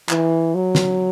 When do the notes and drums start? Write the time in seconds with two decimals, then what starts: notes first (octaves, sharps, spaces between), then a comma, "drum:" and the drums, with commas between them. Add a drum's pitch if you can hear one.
0.09 E3, drum: clap
0.55 F#3
0.75 drum: snare